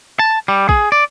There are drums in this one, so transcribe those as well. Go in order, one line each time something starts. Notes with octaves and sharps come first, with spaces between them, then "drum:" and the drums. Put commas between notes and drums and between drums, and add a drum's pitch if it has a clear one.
A5
G3
G#4, drum: kick
D5